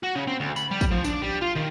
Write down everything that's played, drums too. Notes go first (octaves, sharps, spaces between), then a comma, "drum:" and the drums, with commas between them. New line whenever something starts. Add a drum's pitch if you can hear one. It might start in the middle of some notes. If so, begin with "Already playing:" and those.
F#4
C#3
C4
D2
B5, drum: tambourine
G3
drum: kick, tambourine
F3
D4, drum: tambourine
G3
F4
D#3